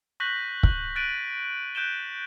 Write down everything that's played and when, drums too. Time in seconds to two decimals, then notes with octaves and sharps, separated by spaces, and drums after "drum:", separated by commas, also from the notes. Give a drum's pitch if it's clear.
0.20 C#6 F#6 G6 A#6 B6 F#7
0.63 drum: kick
0.96 F#6 A6 D7 D#7 F#7
1.75 F#6 G6 D7 E7 G7